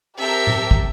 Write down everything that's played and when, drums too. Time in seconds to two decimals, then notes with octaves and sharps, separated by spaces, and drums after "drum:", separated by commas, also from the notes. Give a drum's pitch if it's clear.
0.17 C4 G4 A4 A#4 E5 G5
0.47 drum: tom A2
0.71 drum: kick